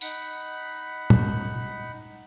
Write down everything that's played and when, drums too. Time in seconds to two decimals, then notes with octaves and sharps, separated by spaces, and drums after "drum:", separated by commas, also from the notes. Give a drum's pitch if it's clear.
0.01 D#4 F#5 B5, drum: tambourine
1.10 drum: tom